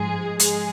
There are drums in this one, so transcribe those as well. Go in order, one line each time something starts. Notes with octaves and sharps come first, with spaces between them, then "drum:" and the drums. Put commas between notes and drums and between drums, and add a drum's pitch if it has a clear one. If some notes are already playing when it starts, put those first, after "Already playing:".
Already playing: G#2 F3 G#3 G#4
G#3 G#4, drum: hi-hat